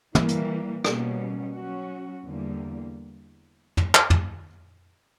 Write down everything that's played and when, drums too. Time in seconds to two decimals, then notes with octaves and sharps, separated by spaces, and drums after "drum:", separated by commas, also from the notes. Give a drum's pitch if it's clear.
0.15 E3 G3 A#3, drum: tom
0.28 drum: hi-hat
0.84 B2 G3 A#3 C#4, drum: rim click
1.54 F#3 C#4 F#4
2.25 E2 D3 G3 A#3
3.77 drum: tom
3.95 drum: clap
4.10 drum: tom